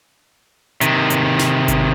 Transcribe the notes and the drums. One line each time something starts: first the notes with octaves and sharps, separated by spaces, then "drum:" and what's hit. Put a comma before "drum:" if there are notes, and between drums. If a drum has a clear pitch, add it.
C3 D#3, drum: hi-hat
drum: hi-hat
drum: snare
drum: kick G#1, hi-hat